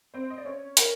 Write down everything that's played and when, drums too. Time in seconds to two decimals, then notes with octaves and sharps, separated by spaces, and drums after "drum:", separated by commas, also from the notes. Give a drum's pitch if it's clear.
0.14 C4 C5
0.30 D#5
0.38 D5
0.45 C#4 C#5
0.77 A#4, drum: hi-hat